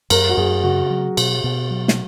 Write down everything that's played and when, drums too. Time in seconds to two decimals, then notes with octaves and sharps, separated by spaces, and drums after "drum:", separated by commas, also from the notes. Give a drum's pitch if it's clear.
0.10 F#2 A#4, drum: cymbal
0.29 F#4
0.37 F#2 G#4
0.63 C#3 F#4
0.90 F#3
1.17 B2, drum: cymbal
1.44 B2
1.71 F#3
1.88 drum: snare